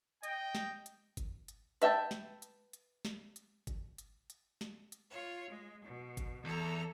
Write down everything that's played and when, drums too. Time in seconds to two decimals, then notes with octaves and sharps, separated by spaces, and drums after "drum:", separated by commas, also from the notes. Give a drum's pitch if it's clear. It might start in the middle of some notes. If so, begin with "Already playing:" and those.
0.23 D#5 G5, drum: hi-hat
0.55 drum: snare
0.86 drum: hi-hat
1.17 drum: kick G1, hi-hat
1.48 drum: hi-hat
1.82 B4 E5 G5 A5, drum: hi-hat
2.11 drum: snare
2.42 drum: hi-hat
2.73 drum: hi-hat
3.05 drum: snare
3.36 drum: hi-hat
3.67 drum: kick G1, hi-hat
3.98 drum: hi-hat
4.30 drum: hi-hat
4.61 drum: snare
4.92 drum: hi-hat
5.10 F4 C#5
5.49 G#3
5.83 B2
6.17 drum: kick G1, hi-hat
6.44 E2 A4 A#5